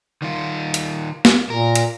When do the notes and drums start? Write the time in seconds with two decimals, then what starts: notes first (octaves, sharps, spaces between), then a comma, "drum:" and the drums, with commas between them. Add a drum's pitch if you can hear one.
0.22 D#3 F4
0.74 drum: hi-hat
1.25 drum: snare
1.50 A#2 A#4
1.75 drum: hi-hat